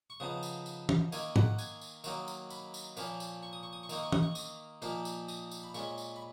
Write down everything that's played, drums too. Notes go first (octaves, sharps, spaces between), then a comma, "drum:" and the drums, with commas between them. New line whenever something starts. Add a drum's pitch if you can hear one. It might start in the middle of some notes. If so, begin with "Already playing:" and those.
C#6
C#3 F3 B3 D#4 D#6
drum: tambourine
drum: tambourine
drum: tom
D#3 A#3 D#4 G#5, drum: tambourine
F#5, drum: tom
G#5, drum: tambourine
drum: tambourine
D#3 F#3 A#3 D#4, drum: tambourine
drum: tambourine
B5, drum: tambourine
drum: tambourine
A#2 F3 A#3 C#4, drum: tambourine
drum: tambourine
C#6
D#6
C#6
D#6
C#6
D#3 A#3 D#4 D#6, drum: tambourine
C#6
D#6, drum: tom
C#6
D#6, drum: tambourine
A#2 F3 A#3 D#4, drum: tambourine
drum: tambourine
D#6, drum: tambourine
drum: tambourine
B5
A#2 G#3 C#4 C#6, drum: tambourine
drum: tambourine
B5